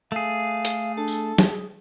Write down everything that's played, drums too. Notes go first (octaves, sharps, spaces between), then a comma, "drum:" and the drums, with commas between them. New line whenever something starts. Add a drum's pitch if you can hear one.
A3 G#4 F5
drum: hi-hat
D4 A4
drum: tambourine
G#4, drum: snare